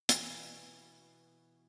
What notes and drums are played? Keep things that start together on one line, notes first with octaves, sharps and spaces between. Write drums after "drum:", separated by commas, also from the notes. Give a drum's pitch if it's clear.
B2 E3, drum: hi-hat